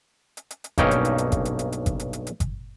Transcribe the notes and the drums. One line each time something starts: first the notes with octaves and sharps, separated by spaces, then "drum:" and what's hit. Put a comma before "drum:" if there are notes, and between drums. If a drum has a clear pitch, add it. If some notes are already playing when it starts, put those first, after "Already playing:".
drum: hi-hat
drum: hi-hat
drum: hi-hat
B1 G2 A#3 C#4 D#4 G5, drum: kick G1, hi-hat
drum: hi-hat
drum: hi-hat
drum: hi-hat
drum: kick G1, hi-hat
drum: hi-hat
drum: hi-hat
drum: hi-hat
drum: kick G1, hi-hat
drum: hi-hat
drum: hi-hat
drum: hi-hat
drum: kick G1, hi-hat